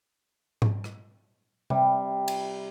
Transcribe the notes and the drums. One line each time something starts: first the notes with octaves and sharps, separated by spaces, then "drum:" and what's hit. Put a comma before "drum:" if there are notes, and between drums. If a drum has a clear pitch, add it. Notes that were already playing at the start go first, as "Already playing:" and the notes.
drum: tom G#2
drum: rim click
C3 G3, drum: tom C3
drum: cymbal